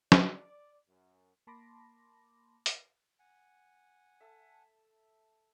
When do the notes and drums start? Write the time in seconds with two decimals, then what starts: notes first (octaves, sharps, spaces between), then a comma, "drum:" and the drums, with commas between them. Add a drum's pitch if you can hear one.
0.12 D5, drum: snare
0.88 F#2
1.47 A#3 A5 B5 C6 D6 A#6
2.66 drum: hi-hat
3.19 F#5 G#5
4.20 A4 E5 A5